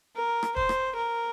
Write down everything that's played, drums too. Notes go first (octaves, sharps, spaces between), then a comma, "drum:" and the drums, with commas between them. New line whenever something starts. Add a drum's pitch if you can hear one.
A#4
drum: rim click
C5, drum: kick
drum: rim click
A#4